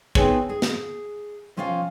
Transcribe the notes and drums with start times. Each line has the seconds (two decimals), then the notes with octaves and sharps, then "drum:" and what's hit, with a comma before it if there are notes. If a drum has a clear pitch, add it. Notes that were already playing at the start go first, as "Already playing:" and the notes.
0.15 B3 C4 D#4 G#4 B4 C#5, drum: kick
0.49 G#4
0.62 drum: snare
1.57 C3 F3 C#4 F4 D5 F5